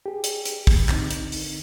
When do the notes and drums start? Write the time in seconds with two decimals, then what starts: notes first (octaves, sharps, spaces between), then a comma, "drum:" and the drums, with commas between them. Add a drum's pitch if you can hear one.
0.06 G4 G#4
0.24 drum: hi-hat
0.45 drum: hi-hat
0.67 drum: kick, open hi-hat
0.89 D3 C4 D#4, drum: clap
1.11 drum: hi-hat
1.32 drum: open hi-hat